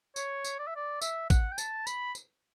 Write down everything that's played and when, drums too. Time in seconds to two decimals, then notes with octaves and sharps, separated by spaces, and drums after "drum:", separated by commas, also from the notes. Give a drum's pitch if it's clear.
0.16 C#5, drum: tambourine
0.45 drum: tambourine
0.59 D5
0.67 E5
0.76 D5
1.02 E5, drum: tambourine
1.30 F#5, drum: kick, tambourine
1.52 G5
1.58 A5, drum: tambourine
1.87 B5, drum: tambourine
2.15 drum: tambourine